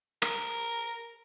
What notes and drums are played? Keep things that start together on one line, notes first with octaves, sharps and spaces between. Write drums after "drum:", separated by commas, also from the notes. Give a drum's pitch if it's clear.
A#4, drum: rim click